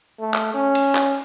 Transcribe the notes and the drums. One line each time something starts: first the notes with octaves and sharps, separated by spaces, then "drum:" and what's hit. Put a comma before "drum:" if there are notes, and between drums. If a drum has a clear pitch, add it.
A3
drum: clap
C#4
drum: cymbal
drum: clap